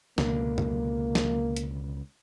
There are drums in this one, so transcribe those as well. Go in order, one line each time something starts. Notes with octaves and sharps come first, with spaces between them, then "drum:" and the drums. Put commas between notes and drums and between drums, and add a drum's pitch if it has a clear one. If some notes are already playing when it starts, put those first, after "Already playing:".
C#2 B2 D3 A#3, drum: snare
drum: tom F2
drum: snare
drum: hi-hat